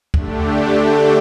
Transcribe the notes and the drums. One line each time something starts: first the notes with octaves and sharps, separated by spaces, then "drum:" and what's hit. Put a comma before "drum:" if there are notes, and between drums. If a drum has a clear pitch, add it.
D3 A3 D4 G4, drum: kick